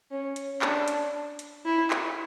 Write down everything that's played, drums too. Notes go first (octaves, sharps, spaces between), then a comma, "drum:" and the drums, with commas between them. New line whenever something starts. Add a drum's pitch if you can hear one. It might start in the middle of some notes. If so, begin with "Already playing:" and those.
C#4
drum: hi-hat
D4, drum: clap
drum: hi-hat
drum: hi-hat
E4
drum: clap